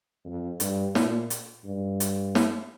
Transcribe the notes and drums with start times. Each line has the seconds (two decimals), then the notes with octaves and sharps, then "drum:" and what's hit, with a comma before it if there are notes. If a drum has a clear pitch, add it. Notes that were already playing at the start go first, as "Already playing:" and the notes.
0.25 F2
0.60 G2, drum: hi-hat
0.95 A#2, drum: snare
1.30 drum: hi-hat
1.65 G2
2.00 drum: hi-hat
2.35 drum: snare